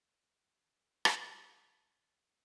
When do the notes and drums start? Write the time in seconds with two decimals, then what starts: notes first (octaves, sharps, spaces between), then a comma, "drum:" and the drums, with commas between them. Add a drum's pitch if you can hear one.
0.22 G#2 F#3
1.05 drum: rim click
1.47 F3 C#4 D4